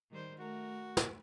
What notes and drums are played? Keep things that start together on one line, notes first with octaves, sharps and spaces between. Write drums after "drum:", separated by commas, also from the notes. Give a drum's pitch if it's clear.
D#3 G3 C5
A3 F#4 A#4
drum: snare